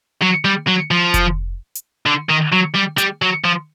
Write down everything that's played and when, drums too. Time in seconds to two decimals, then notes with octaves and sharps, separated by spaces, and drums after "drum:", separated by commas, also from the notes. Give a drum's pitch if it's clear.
0.22 F#3
0.45 G3
0.67 F#3
0.91 F3
1.14 drum: kick F1, hi-hat
1.75 drum: hi-hat
2.06 D3
2.30 D#3
2.53 F#3
2.75 G3
2.98 G3, drum: hi-hat
3.22 F#3
3.44 F3